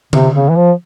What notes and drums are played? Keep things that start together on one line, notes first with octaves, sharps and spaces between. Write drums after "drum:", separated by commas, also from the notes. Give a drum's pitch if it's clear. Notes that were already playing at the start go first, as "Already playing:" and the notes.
C3, drum: tom D3
C#3
E3
F3